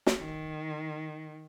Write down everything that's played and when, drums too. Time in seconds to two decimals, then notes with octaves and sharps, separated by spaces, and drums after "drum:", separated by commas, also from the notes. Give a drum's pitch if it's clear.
0.07 drum: snare
0.20 D#3